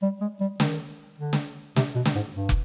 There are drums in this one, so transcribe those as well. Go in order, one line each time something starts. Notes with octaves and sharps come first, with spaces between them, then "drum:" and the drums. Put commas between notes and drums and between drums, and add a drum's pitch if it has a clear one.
G3
G#3
G3
D#3, drum: snare
D3
drum: snare
C3, drum: snare
B2
drum: snare
G#2
G2
drum: kick